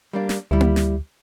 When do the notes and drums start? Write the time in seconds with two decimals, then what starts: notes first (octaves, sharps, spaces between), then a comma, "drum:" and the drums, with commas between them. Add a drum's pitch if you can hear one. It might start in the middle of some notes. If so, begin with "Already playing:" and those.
0.13 G3 A#3 D4
0.29 drum: snare
0.51 D2 G3 E4
0.60 drum: tom A#3
0.76 drum: snare